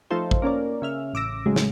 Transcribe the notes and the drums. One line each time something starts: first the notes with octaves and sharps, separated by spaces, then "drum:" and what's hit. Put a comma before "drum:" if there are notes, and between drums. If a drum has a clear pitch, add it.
F3 A3 D#4 F4 A4 C5
drum: kick
A#3 C#4 A#4 D5
C#3 E5 F6
A1 D6 E6 A#6
A2 C#3 F#3 G#3
drum: snare